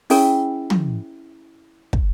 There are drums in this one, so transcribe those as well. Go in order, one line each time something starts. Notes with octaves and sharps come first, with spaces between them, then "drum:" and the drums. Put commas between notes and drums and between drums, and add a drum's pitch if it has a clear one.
C#4 E4 G#4 G5, drum: open hi-hat
drum: tom
drum: kick